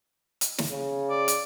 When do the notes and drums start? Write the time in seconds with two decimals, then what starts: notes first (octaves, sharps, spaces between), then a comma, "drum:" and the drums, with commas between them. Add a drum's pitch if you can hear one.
0.41 drum: hi-hat
0.58 drum: snare
0.70 C#3
1.10 D5
1.28 drum: hi-hat